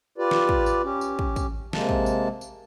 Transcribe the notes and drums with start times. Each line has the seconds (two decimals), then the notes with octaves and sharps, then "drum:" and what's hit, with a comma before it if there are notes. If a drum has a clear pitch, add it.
0.18 F4 G4 B4 D5
0.31 drum: snare
0.49 drum: kick
0.66 drum: tambourine
0.84 C#4 G4
1.01 drum: tambourine
1.19 drum: kick
1.36 drum: kick, tambourine
1.73 C3 G#3 A#3 A5, drum: snare
1.89 drum: kick
2.06 drum: tambourine
2.41 drum: tambourine